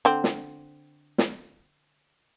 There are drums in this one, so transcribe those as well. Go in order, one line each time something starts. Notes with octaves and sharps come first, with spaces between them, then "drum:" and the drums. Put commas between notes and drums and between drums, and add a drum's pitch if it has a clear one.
D3 C4
drum: snare
drum: snare